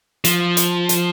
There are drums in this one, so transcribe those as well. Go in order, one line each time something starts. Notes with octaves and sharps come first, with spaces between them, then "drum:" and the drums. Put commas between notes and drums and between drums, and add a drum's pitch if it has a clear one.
F3, drum: hi-hat
drum: hi-hat
drum: hi-hat